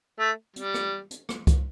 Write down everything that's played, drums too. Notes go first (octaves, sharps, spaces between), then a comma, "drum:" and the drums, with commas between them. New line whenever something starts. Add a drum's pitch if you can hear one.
A3
G3, drum: hi-hat
drum: rim click
drum: hi-hat
drum: rim click
drum: kick C2, hi-hat